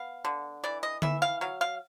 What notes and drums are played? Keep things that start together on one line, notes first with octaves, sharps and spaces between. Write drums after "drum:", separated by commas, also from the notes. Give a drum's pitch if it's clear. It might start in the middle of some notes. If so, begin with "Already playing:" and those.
Already playing: B3 F5
D3
E3 D5
D#5
E3 E5, drum: tom D3
F5
F#3 F5
F5